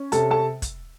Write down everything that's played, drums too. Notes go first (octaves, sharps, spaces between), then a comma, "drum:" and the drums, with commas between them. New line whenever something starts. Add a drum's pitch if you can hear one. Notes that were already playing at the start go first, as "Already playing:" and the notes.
Already playing: C#4
C3 A4 A5, drum: hi-hat
A4 A5
drum: kick, hi-hat